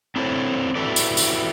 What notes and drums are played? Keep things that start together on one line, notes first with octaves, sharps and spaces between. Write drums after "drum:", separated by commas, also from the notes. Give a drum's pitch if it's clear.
C4 D4 E4 A4 C5 C#5
E4 F#4 G4 A4 B4 D5
drum: tambourine
drum: tambourine